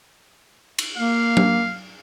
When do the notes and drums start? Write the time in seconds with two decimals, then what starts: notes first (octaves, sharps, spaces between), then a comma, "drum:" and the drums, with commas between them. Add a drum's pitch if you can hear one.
0.78 drum: cymbal
0.97 A#3 F5
1.37 drum: tom F#3